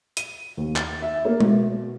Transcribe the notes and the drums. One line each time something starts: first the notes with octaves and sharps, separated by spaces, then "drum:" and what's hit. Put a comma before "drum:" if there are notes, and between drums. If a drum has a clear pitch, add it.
D#7, drum: hi-hat
D#2
A6, drum: clap
E5
A#3
B2, drum: tom G#3